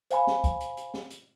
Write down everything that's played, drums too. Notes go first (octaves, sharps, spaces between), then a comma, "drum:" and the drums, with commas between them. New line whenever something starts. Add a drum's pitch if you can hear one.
C5 F5 G#5 B5, drum: hi-hat
drum: snare
drum: kick, hi-hat
drum: hi-hat
drum: hi-hat
drum: snare
drum: hi-hat